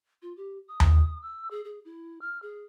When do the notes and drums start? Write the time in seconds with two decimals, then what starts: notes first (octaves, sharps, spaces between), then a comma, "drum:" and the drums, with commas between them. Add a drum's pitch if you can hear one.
0.22 F4
0.37 G4
0.68 D#6
0.80 drum: tom D#2
1.22 E6
1.51 G#4
1.65 G#4
1.85 E4
2.21 F6
2.42 G#4